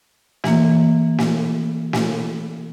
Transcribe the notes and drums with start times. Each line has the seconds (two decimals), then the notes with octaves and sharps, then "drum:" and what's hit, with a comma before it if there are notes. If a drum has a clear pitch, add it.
0.44 E3 A#3, drum: snare
1.18 drum: snare
1.93 drum: snare